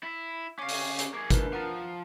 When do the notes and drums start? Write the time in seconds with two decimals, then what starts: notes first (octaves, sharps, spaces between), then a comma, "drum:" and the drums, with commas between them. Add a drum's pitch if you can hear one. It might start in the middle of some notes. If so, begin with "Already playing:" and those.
0.03 E4
0.59 C#4 F5 C#6 D6
0.69 drum: open hi-hat
0.99 drum: hi-hat
1.14 A#3 G#4
1.30 C#2 D4 A#4 B4, drum: kick, hi-hat
1.53 F3 F#5 A#5